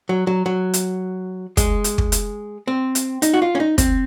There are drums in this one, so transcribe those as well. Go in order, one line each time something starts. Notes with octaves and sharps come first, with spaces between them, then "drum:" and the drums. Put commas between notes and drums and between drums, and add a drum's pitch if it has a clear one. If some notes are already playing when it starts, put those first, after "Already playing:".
F#3
F#3
F#3
drum: hi-hat
G#3, drum: kick, hi-hat
drum: hi-hat
drum: kick
drum: hi-hat
C4
drum: hi-hat
D#4, drum: hi-hat
F#4
F4
C#4
D#4
C4, drum: kick, hi-hat